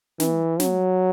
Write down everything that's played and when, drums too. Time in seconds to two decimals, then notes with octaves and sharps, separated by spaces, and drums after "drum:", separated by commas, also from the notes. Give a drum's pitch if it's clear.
0.20 E3, drum: snare
0.60 F#3, drum: snare